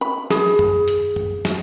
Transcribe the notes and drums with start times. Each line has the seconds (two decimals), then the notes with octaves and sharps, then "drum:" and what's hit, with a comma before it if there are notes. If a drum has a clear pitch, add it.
0.01 B5
0.30 G#4, drum: snare
0.59 drum: tom F#2
0.88 drum: hi-hat
1.16 drum: tom F#2
1.45 drum: snare